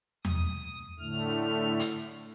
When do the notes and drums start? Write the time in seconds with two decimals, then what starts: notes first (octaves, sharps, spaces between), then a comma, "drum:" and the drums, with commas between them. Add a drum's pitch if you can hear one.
0.25 D#6, drum: tom E2
0.99 A2 D3 A3 F6
1.80 drum: hi-hat